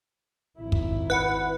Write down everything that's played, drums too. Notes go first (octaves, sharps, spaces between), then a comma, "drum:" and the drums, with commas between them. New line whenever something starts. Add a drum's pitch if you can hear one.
G#1 E4
drum: kick
B4 F#5